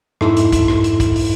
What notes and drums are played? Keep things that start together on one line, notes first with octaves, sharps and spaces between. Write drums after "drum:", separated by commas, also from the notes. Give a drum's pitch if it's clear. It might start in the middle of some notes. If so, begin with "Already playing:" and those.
F2 G#2 D#4 E4 A4 C6, drum: rim click
drum: hi-hat
drum: kick, hi-hat
drum: rim click
drum: hi-hat
drum: kick, hi-hat
drum: open hi-hat